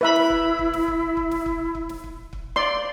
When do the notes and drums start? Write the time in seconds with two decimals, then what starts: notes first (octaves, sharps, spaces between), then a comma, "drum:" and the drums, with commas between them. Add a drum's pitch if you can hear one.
0.01 E4 B4 E5 B5
0.15 drum: snare
0.30 drum: kick
0.59 drum: kick
0.73 drum: snare
0.88 drum: kick
1.17 drum: kick
1.31 drum: snare
1.46 drum: kick
1.75 drum: kick
1.89 drum: snare
2.04 drum: kick
2.33 drum: kick
2.56 D5 C6